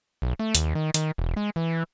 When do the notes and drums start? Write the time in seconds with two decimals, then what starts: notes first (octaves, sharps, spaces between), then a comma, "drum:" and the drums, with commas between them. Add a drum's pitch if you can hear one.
0.22 B1
0.39 A3
0.55 D#2, drum: hi-hat
0.75 D#3
0.94 D#3, drum: hi-hat
1.18 E1
1.37 G#3
1.56 E3